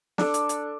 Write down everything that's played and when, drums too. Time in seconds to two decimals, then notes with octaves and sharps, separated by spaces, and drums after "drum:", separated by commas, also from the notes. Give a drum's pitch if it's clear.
0.18 D4 A4 D5, drum: snare
0.34 drum: hi-hat
0.49 drum: hi-hat